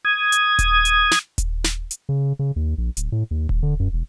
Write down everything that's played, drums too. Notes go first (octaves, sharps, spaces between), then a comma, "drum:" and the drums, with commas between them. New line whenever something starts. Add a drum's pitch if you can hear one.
D#6 G#6
drum: hi-hat
drum: kick D#1, hi-hat
drum: hi-hat
drum: snare
drum: kick D#1, hi-hat
drum: snare
drum: hi-hat
C#3
C#3
D#2
A#1
D1, drum: hi-hat
A2
D#2
D#1, drum: kick D#1
D3
F#2
E1